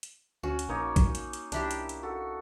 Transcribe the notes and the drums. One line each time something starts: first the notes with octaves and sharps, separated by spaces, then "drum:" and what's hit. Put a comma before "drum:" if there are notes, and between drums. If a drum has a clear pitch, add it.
drum: hi-hat
D2 C#4 F#4
drum: hi-hat
A#1 A#3 D#4 C#5
drum: kick A#1, hi-hat
drum: hi-hat
drum: hi-hat
C2 D4 E4 G4, drum: hi-hat
drum: hi-hat
drum: hi-hat
F#4 A4